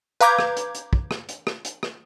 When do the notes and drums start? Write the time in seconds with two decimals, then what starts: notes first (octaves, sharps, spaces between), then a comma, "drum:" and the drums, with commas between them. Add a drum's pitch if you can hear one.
0.20 B4 F5 A#5 D6 G6 G#6
0.39 drum: rim click
0.57 drum: hi-hat
0.75 drum: hi-hat
0.93 drum: kick
1.11 drum: rim click
1.29 drum: hi-hat
1.47 drum: rim click
1.65 drum: hi-hat
1.83 drum: rim click